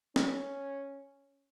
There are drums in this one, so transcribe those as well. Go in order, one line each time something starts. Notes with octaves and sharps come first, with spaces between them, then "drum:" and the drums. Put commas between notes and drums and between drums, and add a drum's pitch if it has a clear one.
C#4, drum: snare